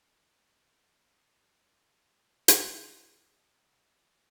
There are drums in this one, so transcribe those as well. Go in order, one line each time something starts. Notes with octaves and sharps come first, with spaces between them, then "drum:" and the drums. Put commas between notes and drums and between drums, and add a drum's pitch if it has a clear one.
B4
D#5
B4 D6 G6
B4 D5 A#5
drum: hi-hat
D4 F4 A4 C#5